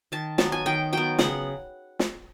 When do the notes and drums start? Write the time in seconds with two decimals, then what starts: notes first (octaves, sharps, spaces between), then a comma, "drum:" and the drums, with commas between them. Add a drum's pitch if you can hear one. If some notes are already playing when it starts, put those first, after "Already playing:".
0.12 D#3 A5
0.38 F#3 B3 A5, drum: snare
0.52 G#5
0.66 D#3 G5
0.93 F#3 B3 G5
1.19 C#3 F#5, drum: snare
1.99 drum: snare